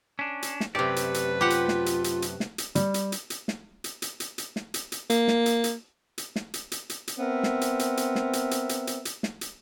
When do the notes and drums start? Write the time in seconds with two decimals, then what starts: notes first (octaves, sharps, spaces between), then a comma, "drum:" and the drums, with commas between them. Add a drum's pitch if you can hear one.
0.19 C#4 D4
0.42 drum: hi-hat
0.60 drum: snare
0.75 F#2 C3 A3 G4 B4 D5
0.96 drum: hi-hat
1.14 drum: hi-hat
1.41 F4 G4 F#5
1.50 drum: hi-hat
1.68 drum: snare
1.86 drum: hi-hat
2.04 drum: hi-hat
2.22 drum: hi-hat
2.40 drum: snare
2.58 drum: hi-hat
2.75 G3, drum: hi-hat
2.94 drum: hi-hat
3.12 drum: hi-hat
3.30 drum: hi-hat
3.48 drum: snare
3.84 drum: hi-hat
4.02 drum: hi-hat
4.20 drum: hi-hat
4.38 drum: hi-hat
4.56 drum: snare
4.74 drum: hi-hat
4.92 drum: hi-hat
5.10 A#3, drum: hi-hat
5.28 drum: snare
5.46 drum: hi-hat
5.64 drum: hi-hat
6.18 drum: hi-hat
6.36 drum: snare
6.54 drum: hi-hat
6.72 drum: hi-hat
6.90 drum: hi-hat
7.08 drum: hi-hat
7.19 B3 C4 A#4 E5
7.43 drum: snare
7.61 drum: hi-hat
7.79 drum: hi-hat
7.97 drum: hi-hat
8.15 drum: snare
8.33 drum: hi-hat
8.51 drum: hi-hat
8.69 drum: hi-hat
8.87 drum: hi-hat
9.05 drum: hi-hat
9.23 drum: snare
9.41 drum: hi-hat